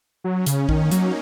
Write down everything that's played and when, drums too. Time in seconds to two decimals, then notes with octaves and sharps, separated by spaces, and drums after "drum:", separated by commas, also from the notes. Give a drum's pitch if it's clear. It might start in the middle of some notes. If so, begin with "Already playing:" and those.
0.24 F#3 C#4
0.46 C#3, drum: hi-hat
0.69 D#3 A#3 D#4, drum: kick A#1
0.91 F#3, drum: hi-hat